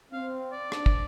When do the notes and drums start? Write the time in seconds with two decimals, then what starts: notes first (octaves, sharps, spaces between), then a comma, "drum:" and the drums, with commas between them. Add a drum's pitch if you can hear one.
0.12 C4 F5
0.52 D5
0.72 D4, drum: rim click
0.86 drum: kick